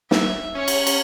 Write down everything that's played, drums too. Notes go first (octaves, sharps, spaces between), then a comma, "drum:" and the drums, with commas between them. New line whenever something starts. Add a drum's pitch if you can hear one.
E5, drum: snare
C#4 C#5
drum: cymbal
drum: cymbal